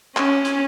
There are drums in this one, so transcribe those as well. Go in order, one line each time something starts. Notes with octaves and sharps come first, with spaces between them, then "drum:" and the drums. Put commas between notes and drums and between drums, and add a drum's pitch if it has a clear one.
C#4, drum: clap
drum: hi-hat